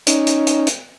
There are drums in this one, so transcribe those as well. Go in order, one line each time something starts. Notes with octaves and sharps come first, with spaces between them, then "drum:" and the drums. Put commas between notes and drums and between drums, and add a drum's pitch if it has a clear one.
C#4 D#4, drum: hi-hat
drum: hi-hat
drum: hi-hat
drum: hi-hat